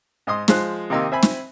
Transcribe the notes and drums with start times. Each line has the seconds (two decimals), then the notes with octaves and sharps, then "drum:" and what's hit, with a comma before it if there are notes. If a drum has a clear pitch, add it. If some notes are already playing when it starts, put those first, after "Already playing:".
0.27 G#2 D#5 C6 D#6
0.48 F3 G#3 C5 F#6, drum: snare
0.90 C3 D#3 A#3 D#4 C6 E6
1.12 C4 E5 G#5 B5
1.23 drum: snare